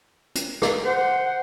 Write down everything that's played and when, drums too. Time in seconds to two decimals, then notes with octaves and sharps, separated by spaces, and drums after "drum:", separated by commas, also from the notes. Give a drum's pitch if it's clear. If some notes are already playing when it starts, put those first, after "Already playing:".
0.35 drum: hi-hat
0.62 drum: rim click
0.85 C5 F#5
1.25 F#5